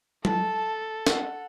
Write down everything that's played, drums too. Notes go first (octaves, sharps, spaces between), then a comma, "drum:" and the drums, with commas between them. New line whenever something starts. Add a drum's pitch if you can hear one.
A4 A5, drum: tom
F#5, drum: snare